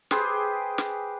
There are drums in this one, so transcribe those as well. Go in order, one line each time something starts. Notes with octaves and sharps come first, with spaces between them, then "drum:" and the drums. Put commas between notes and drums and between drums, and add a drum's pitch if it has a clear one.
G4 G#4 B4 C5, drum: snare
drum: snare